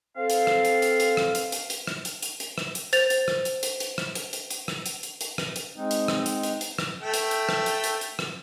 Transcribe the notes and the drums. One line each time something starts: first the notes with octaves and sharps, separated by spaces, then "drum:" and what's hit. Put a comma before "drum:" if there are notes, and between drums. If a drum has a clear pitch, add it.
C4 A4 F5
drum: hi-hat
drum: rim click
drum: hi-hat
drum: hi-hat
drum: hi-hat
drum: rim click
drum: hi-hat
drum: hi-hat
drum: hi-hat
drum: rim click
drum: hi-hat
drum: hi-hat
drum: hi-hat
drum: rim click
drum: hi-hat
C5 A6 F7, drum: hi-hat
drum: hi-hat
drum: rim click
drum: hi-hat
drum: hi-hat
drum: hi-hat
drum: rim click
drum: hi-hat
drum: hi-hat
drum: hi-hat
drum: rim click
drum: hi-hat
drum: hi-hat
drum: hi-hat
drum: rim click
drum: hi-hat
G#3 C4 D#4
drum: hi-hat
drum: rim click
drum: hi-hat
drum: hi-hat
drum: hi-hat
drum: rim click
A3 G5
drum: hi-hat
drum: hi-hat
drum: rim click
drum: hi-hat
drum: hi-hat
drum: hi-hat
drum: rim click